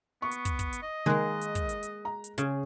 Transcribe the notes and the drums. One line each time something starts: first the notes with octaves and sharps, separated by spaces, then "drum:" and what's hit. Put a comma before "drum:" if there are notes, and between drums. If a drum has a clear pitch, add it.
B3 C#6
drum: hi-hat
drum: kick, hi-hat
drum: kick, hi-hat
drum: hi-hat
D#5
D#3 G#3 A#3 A#4 F#6
drum: hi-hat
drum: kick, hi-hat
drum: hi-hat
drum: hi-hat
A#5
drum: hi-hat
C#3 G#4, drum: hi-hat